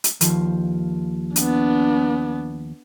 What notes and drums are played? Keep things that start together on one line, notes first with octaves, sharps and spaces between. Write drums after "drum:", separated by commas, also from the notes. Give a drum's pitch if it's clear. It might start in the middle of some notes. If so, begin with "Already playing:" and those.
drum: hi-hat
D#2 F3, drum: hi-hat
B3 D4, drum: hi-hat